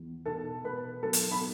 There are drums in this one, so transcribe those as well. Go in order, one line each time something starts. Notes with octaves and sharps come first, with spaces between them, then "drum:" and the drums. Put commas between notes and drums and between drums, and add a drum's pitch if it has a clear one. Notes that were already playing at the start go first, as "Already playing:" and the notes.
Already playing: E2
B2 A4 A5
B2 B4 B5
F#3 A4 A5
drum: hi-hat
B5